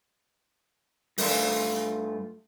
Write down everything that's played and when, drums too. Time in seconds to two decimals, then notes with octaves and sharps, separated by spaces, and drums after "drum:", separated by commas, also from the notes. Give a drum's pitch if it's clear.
1.18 G2 A3 F4, drum: open hi-hat